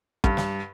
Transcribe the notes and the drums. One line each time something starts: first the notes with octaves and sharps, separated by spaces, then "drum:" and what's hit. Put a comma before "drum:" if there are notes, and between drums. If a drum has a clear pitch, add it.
G2, drum: kick
drum: snare